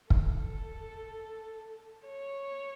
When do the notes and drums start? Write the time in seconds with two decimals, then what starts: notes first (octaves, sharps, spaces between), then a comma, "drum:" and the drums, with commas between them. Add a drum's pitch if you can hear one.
0.10 A4, drum: kick
2.07 C#5